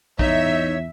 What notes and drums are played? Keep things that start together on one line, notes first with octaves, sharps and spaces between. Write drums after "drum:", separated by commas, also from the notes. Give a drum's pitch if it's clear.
E2 D#4 C#5 E5, drum: kick A#1